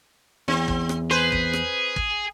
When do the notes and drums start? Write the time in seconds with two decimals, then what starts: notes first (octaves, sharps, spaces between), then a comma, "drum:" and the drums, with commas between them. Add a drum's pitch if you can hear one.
0.48 E2 C4
0.68 drum: kick
0.89 drum: rim click
1.11 G#4 B4 C5
1.32 drum: kick
1.53 drum: rim click
1.96 drum: kick